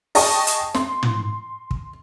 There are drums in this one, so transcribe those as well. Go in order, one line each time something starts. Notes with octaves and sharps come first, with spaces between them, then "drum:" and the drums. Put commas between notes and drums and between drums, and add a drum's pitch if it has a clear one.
G#4 D#5 G5 A5 C#6, drum: open hi-hat
drum: hi-hat
C6, drum: snare
drum: tom
drum: kick